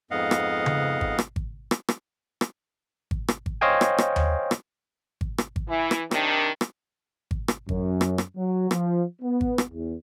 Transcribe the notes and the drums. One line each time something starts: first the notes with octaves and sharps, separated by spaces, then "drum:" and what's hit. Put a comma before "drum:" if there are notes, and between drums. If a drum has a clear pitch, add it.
F2 G#2 B3 D#5 F5 F#5
drum: rim click
drum: tom C#3
drum: kick G#1
drum: rim click
drum: kick G#1
drum: rim click
drum: rim click
drum: rim click
drum: kick G#1
drum: rim click
drum: kick G#1
C5 C#5 D#5 F5 G5 G#5
drum: rim click
drum: rim click
drum: tom D#2
drum: rim click
drum: kick G#1
drum: rim click
drum: kick G#1
E3 E4
drum: rim click
C3 D#3 D4, drum: rim click
drum: rim click
drum: kick G#1
drum: rim click
F#2, drum: kick G#1
drum: rim click
drum: rim click
F#3
F3, drum: rim click
B3
drum: kick G#1
drum: rim click
E2